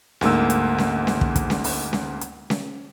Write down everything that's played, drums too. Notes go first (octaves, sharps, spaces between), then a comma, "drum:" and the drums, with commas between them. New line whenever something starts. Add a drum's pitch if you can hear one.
D2 G#2 A#3 E6, drum: snare C#4
drum: hi-hat
drum: snare C#4
drum: snare C#4
drum: kick
drum: kick, hi-hat
drum: snare C#4
drum: open hi-hat
drum: snare C#4
drum: hi-hat
drum: snare C#4